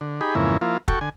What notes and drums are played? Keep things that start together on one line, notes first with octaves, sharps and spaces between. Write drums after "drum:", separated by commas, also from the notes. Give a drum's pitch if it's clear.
D3
D#4 G4 G#4 B5
F2 G#2 C#3 E3 A#3 E4
F3 A#3 E4 F4
F#4 A4 G5 C#6, drum: kick
D3 G#5